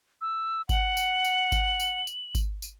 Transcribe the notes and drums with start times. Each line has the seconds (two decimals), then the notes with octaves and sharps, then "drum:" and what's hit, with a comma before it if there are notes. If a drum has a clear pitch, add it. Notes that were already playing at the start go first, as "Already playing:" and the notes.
0.21 E6
0.69 F#5 F#7, drum: kick G#1, tambourine
0.97 drum: tambourine
1.24 drum: tambourine
1.52 drum: kick G#1, tambourine
1.80 drum: tambourine
2.07 drum: tambourine
2.35 drum: kick G#1, tambourine
2.62 drum: tambourine